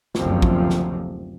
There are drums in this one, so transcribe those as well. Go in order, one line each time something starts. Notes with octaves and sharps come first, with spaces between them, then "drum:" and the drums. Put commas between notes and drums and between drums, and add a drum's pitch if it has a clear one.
F#1 D2 C3 F3, drum: snare
drum: kick
drum: snare